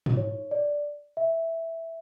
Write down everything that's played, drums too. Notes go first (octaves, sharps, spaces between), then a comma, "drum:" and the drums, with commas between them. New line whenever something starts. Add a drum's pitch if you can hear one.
drum: tom G#2
C#5
D5
E5